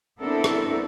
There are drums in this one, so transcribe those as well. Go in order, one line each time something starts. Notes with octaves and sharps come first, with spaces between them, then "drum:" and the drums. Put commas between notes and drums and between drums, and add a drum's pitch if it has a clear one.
B3 C4 D4 E4 A4 A#4
drum: rim click